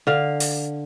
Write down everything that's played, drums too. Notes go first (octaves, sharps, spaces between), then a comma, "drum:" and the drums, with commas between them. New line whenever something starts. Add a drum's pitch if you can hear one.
D3 F5
drum: open hi-hat